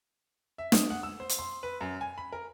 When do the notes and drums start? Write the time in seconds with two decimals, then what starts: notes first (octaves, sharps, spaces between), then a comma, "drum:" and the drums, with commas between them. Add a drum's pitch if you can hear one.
0.58 E5
0.72 D#6, drum: snare
0.90 F#5
1.03 E6
1.20 C5
1.29 drum: hi-hat
1.39 C6
1.63 B4
1.81 F#2
2.01 G#5
2.18 B5
2.32 A#4